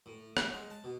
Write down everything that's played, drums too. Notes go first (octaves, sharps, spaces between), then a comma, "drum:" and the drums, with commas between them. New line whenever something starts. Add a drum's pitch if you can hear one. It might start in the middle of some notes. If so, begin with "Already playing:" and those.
A2
F#4, drum: rim click
G#3
A5
B2